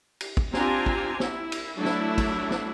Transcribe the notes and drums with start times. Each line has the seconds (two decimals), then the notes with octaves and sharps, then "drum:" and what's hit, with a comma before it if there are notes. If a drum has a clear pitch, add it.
0.21 drum: cymbal
0.37 drum: kick
0.53 C4 D4 F4 G4 G#5 A#5, drum: snare
0.86 drum: kick
1.20 E4, drum: snare
1.52 drum: cymbal
1.75 F#3 A3 D4 E4
1.85 drum: snare
2.18 drum: kick, cymbal
2.51 drum: snare